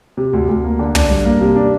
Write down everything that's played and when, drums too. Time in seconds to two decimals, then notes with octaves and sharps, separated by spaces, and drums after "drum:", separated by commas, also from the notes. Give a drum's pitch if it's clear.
0.17 C3
0.33 D2
0.48 D2
0.64 A#3
0.79 D3
0.95 D4, drum: tom
1.10 G2
1.25 A#3
1.41 C3
1.56 D4